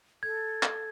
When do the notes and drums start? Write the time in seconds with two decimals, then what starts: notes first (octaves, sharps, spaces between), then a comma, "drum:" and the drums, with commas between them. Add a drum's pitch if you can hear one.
0.23 A4 G#6
0.63 drum: clap